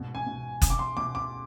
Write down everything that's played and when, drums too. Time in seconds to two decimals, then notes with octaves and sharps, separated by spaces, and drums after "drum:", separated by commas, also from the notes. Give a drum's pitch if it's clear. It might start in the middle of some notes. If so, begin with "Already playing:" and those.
Already playing: G#2 B2
0.15 G#5
0.27 B2
0.62 B2, drum: kick F#1, hi-hat
0.70 D6
0.79 C6
0.97 B2 D6
1.15 D6